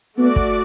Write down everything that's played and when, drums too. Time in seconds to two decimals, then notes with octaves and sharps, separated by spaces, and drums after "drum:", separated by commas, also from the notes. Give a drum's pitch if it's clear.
0.17 A3 B3 F#4 D5
0.36 drum: kick